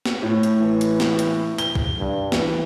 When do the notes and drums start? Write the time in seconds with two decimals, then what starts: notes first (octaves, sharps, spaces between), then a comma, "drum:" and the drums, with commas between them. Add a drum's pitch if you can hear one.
0.05 drum: snare
0.23 A2
0.43 drum: hi-hat
0.61 E3
0.81 drum: hi-hat
1.00 drum: snare
1.19 drum: hi-hat
1.58 G7, drum: hi-hat
1.75 drum: kick
1.99 G2
2.32 E3, drum: snare